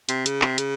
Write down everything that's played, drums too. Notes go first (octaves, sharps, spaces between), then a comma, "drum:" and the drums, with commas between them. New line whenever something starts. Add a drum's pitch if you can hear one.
C3, drum: hi-hat
C#3, drum: hi-hat
C3, drum: clap
C#3, drum: hi-hat